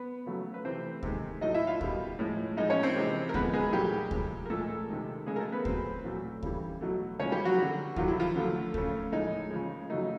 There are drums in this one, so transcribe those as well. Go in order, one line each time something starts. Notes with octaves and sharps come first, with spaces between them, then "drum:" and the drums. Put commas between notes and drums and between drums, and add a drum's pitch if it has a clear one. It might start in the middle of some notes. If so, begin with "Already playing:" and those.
Already playing: B3 B4
C#3 F#3 A3
B4
C3 E3 A3 C4 C5
C3 D#3 G#3, drum: kick D2
A2 F#3 A3 D#4 D#5
E4 E5
F4 F5
B2 G3, drum: kick D2
A2 F3 G#3
A2 F3 G#3 D#4 D#5
C#4 C#5
C4 C5
C3 E3 G#3
A#4
D3 F3 G#3 B3 B4, drum: kick D2
G#3 G#4
A#2 F#3 G3 A3 G4
C3 F3 G#3, drum: kick D2
A#4
A#2 F3 G#3 A3 A4
C3 D#3 G#3
C#3 F3 G#3 A3 G#4
A#4
A3 A4
B3 B4
A#2 F#3 A3 C4 C5, drum: kick D2
A#2 F#3 A3
C#3 E3 G3, drum: kick D2
B2 F#3 A3
C#3 F3 G#3 C#4 C#5
G3 G4
F#3 F#4
D3 G3
C3 D#3 F#3 F4, drum: kick D2
E4
F3 F4
D3 F#3 A3
C#3 F3 A3, drum: kick D2
A2 F3 G#3 D#4
C#3 F3 G#3
C#3 F#3 A3 D#4